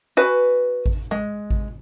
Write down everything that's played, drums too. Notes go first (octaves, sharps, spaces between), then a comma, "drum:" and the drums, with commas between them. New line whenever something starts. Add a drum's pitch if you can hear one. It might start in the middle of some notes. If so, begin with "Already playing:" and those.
F#4 B4 G#5
drum: kick G#1
G#3
drum: kick G#1